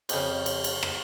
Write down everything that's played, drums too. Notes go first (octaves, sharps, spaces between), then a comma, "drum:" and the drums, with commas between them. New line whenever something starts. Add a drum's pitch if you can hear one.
F2 C#3, drum: cymbal
drum: cymbal
drum: cymbal
drum: rim click